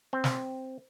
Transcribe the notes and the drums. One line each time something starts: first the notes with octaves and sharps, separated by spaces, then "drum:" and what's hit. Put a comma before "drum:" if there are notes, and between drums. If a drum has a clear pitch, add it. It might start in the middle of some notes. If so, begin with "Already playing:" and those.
C4
drum: snare